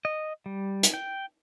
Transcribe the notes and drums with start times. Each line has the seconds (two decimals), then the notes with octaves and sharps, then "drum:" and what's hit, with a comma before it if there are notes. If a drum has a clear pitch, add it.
0.05 D#5
0.46 G3
0.83 drum: hi-hat
0.94 G5